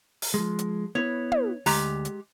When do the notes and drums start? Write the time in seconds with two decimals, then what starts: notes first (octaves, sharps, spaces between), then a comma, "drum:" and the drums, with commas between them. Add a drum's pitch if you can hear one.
0.22 drum: open hi-hat
0.34 F3 G#3
0.59 drum: hi-hat
0.95 B3 E4 B4 C#5
1.32 drum: tom
1.66 D2 G#3 G4 A#5, drum: open hi-hat
2.05 drum: hi-hat